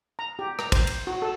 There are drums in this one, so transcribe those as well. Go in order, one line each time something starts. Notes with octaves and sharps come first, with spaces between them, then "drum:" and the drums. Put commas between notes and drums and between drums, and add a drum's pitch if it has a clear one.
A#5
G4
A#5, drum: rim click
C5, drum: kick, cymbal
drum: cymbal
F#4
A4